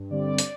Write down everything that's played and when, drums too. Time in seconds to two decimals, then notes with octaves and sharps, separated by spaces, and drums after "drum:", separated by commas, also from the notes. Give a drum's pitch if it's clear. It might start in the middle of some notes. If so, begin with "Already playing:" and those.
Already playing: G2
0.10 D3 G3 C4 D5
0.38 D5, drum: hi-hat